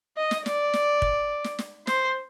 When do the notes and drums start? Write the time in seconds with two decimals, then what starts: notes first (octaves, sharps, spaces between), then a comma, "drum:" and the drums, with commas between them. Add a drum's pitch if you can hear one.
0.17 D#5
0.31 drum: snare
0.46 D5, drum: snare
0.73 drum: snare
1.02 drum: kick
1.44 drum: snare
1.59 drum: snare
1.87 C5, drum: snare